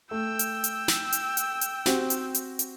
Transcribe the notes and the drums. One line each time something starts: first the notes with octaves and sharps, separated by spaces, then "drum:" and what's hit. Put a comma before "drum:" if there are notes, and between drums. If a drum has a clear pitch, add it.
A3 G5 E6
drum: hi-hat
drum: hi-hat
drum: snare
drum: hi-hat
drum: hi-hat
drum: hi-hat
C4 F#4 G4, drum: snare
drum: hi-hat
drum: hi-hat
drum: hi-hat